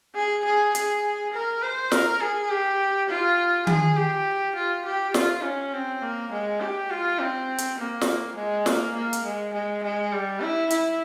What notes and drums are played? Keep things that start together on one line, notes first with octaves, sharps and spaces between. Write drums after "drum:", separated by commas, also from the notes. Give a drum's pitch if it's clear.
G#4
G#4
G#4, drum: hi-hat
A#4
C5
A#4, drum: snare
G#4
G4
F4
G#4, drum: tom D#3
G4
F4
G4
F4, drum: snare
C#4
C4
A#3
G#3
G4
F4
C4
drum: hi-hat
A#3
drum: snare
G#3
A#3, drum: snare
A#3
drum: hi-hat
G#3
G#3
G#3
G3
E4
E4, drum: hi-hat